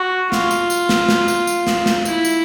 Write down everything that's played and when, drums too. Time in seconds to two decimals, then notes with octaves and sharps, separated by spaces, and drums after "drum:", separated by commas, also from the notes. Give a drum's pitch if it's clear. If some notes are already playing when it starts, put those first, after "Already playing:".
Already playing: F#4
0.32 F4, drum: snare
0.51 drum: tambourine
0.70 drum: tambourine
0.89 drum: snare
1.09 drum: snare
1.28 drum: tambourine
1.47 drum: tambourine
1.67 drum: snare
1.86 drum: snare
2.05 E4, drum: tambourine
2.25 drum: tambourine